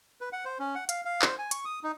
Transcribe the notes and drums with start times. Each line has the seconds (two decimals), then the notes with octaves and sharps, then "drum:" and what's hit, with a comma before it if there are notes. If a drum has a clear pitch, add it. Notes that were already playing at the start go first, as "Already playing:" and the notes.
0.21 B4
0.33 F#5
0.45 C5
0.59 C#4
0.75 F#5
0.89 F5, drum: hi-hat
1.05 F5
1.22 C5, drum: clap
1.39 G#5
1.51 C#6, drum: hi-hat
1.65 D#6
1.84 D#4